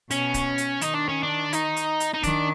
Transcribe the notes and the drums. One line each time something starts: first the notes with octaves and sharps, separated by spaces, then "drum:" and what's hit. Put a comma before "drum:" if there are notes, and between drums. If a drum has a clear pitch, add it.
B2 C#4, drum: hi-hat
drum: kick, hi-hat
drum: hi-hat
D#3 D#4, drum: hi-hat
D4
C#4
D4
D#4, drum: hi-hat
drum: hi-hat
drum: hi-hat
D#4
D#3 D4, drum: kick, hi-hat